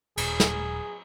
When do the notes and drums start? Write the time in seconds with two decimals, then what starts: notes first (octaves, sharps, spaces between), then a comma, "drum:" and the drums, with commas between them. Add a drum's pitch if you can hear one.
0.17 D#1 G#4, drum: cymbal
0.40 drum: snare